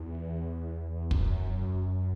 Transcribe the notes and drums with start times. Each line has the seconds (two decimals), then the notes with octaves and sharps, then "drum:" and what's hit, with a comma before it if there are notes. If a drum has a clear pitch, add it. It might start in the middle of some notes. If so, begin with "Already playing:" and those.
Already playing: E2
1.11 F#2, drum: kick